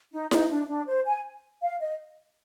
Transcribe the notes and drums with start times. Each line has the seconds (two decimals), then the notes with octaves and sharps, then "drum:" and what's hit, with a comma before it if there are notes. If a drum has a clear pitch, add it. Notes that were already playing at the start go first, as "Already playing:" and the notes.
0.13 D#4
0.31 D#4, drum: snare E4
0.50 D4
0.68 D4
0.87 C5
1.05 G#5
1.61 F5
1.80 D#5